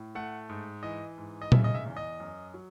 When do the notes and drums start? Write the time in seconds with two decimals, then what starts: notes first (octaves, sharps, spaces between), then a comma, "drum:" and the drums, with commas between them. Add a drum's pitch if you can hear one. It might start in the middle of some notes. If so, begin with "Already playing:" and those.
Already playing: A2
0.15 A3 F#5
0.49 G#2
0.83 E3 D#5
1.18 G#2
1.42 D#5
1.52 C#3 E5, drum: tom A#2
1.64 D#5
1.75 E5
1.86 E2
1.97 D#5
2.20 F#2
2.54 F#3